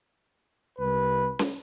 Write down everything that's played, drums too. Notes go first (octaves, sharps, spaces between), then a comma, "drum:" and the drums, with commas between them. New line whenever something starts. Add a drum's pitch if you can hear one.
C2 B4
drum: snare C#4